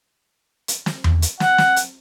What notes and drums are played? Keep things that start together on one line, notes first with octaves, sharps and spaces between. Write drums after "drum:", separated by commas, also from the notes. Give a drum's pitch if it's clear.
drum: hi-hat
drum: snare
drum: tom E2
drum: hi-hat
F#5, drum: snare
drum: snare
drum: hi-hat